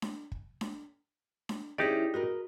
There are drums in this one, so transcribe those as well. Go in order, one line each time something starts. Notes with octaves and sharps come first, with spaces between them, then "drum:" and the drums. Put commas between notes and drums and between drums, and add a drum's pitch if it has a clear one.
drum: snare D4
drum: kick
drum: snare D4
drum: snare D4
E3 C#4 D#4 G4 G#4 D5 D#5
F#4 A#4 B4 D#5